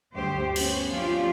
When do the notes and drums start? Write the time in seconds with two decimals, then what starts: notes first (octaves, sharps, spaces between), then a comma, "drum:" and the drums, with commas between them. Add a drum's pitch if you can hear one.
0.13 D2 G2 A3 G4 C5
0.56 B3 C#4, drum: cymbal
0.92 F3 A3 C#4 D4 F4 G4